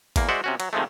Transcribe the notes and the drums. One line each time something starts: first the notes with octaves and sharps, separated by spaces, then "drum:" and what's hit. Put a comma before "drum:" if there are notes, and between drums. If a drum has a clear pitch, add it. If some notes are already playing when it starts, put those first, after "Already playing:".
E2 A#3, drum: kick G#1, cymbal
G#3 F#4 C5 D5 E5 F#5
C3 C#4 F#4
F#3, drum: cymbal
C3 D#3 F3 G#3 A3